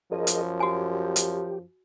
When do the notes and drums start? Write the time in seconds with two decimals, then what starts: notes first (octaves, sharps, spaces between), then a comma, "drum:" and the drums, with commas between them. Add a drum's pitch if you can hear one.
0.12 F#2 F3 G#4 A#4 D#5
0.27 drum: hi-hat
0.60 F#4 G4 G#5
1.16 drum: hi-hat